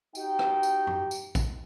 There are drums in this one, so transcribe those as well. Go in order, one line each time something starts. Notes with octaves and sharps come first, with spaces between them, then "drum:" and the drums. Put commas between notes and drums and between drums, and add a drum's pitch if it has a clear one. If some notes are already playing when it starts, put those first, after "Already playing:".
D#4 F#4 G4 G5, drum: tambourine
drum: rim click
drum: tambourine
drum: tom
drum: tambourine
drum: kick, tambourine